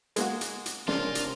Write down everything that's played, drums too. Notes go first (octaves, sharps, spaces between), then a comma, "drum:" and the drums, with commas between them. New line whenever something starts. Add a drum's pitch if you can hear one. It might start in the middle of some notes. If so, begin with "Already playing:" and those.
G#3 A#3 F#4, drum: hi-hat
drum: hi-hat
drum: hi-hat
C3 C#4 D4 F4 A#4, drum: snare
drum: hi-hat